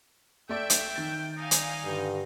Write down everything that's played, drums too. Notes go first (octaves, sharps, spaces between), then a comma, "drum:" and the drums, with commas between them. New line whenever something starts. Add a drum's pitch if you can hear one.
A3 D5 E5 G5
drum: hi-hat
D#3 A6
D#4 D5 F5 G#5
drum: hi-hat
G2 D3